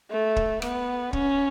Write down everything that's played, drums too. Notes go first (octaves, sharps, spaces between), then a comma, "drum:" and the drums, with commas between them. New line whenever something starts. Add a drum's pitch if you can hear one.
A3
drum: kick
B3, drum: rim click
C#4, drum: kick